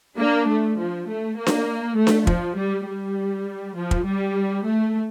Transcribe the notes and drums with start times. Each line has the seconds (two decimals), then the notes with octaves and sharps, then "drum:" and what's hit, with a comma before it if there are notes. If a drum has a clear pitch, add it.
0.18 A#3 D4
0.48 A3
0.78 F3
1.08 A3
1.37 A#3
1.47 drum: snare D4
1.97 A3
2.07 drum: snare D4
2.27 F3, drum: kick
2.57 G3
2.86 G3
3.76 F3
3.91 drum: kick
4.05 G3
4.65 A3